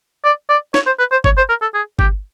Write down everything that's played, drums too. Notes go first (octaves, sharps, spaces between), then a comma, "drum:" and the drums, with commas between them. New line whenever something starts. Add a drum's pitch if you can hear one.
D5
D5
C#5, drum: snare
C5
B4
C5
C#5, drum: kick G1
C5
A#4
A4
G#4
G4, drum: kick G1